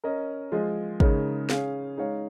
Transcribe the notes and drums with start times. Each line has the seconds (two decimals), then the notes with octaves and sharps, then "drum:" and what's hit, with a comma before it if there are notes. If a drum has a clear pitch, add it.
0.04 C#4 A#4 D#5
0.52 F3 G#3 F4 G#4 D#5
1.00 C#3 G#3 D#4 A#4 C#5, drum: kick
1.50 C#4 G#4 F5, drum: snare
1.97 G#3 D#4 C#5 F5